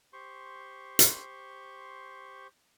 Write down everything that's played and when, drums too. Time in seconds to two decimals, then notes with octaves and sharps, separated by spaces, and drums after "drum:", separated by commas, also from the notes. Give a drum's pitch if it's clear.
0.13 G4 C5 C6 C#6
0.99 drum: hi-hat